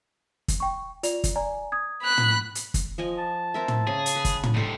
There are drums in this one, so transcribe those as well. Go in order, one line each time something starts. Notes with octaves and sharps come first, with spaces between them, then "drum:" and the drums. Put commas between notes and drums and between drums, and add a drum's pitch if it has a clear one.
drum: kick, hi-hat
G5 C#6
F4 D5 F7, drum: hi-hat
drum: kick, hi-hat
D5 G#5 A#5
D#6 G#6
B5 F#6
drum: tom
drum: hi-hat
drum: kick, hi-hat
F3 D#5 G#5
A5
C4 A#4 E5
drum: tom
C#3 G#4
drum: hi-hat
B4
drum: kick, hi-hat
drum: tom
G2 C3 D#4 A4